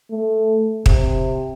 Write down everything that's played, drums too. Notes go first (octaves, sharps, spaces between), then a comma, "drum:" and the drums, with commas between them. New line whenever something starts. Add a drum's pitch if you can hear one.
A3
C3, drum: kick